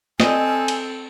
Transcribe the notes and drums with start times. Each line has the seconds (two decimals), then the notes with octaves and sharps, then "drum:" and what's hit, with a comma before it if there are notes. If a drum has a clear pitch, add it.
0.20 C4 A4 D#5 G#5, drum: snare
0.68 drum: cymbal